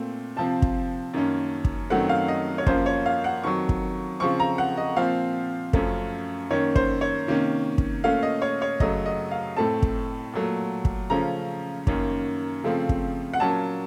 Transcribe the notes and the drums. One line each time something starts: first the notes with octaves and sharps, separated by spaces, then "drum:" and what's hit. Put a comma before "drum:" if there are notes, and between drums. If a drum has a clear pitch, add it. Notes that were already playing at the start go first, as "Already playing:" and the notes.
Already playing: A#2 A3 C4
C3 F3 C4 A5
drum: kick
F#2 D#3 A#3 C#4
drum: kick
F#2 D#3 F#3 A3 C4 F#5
F5
D#5
C#5
F#2 F3 A#3 C#4 C5, drum: kick
C#5
F5
F#5
F2 D#3 F#3 C#6
drum: kick
C#3 F3 C4 C#6
A#5
F#5
D#5
A#2 F3 C4 F5
F#2 F3 A3 C#4, drum: kick
F#2 D#3 A#3 C#4 C#5
C5, drum: kick
C#5
C3 D#3 A#3 C#4
drum: kick
A#2 A3 C#4 F5
D#5
C#5
C#5
F#2 C#3 F#3 A3 D#5, drum: kick
D#5
F5
A2 A3 C4 A5
drum: kick
A#2 F#3 A3
drum: kick
C#3 F3 A3 C#4 A#5
F#2 D#3 A#3 C#4, drum: kick
C#3 F3 A3 C4
drum: kick
F#5
A#2 F#3 A#3 C#4 A5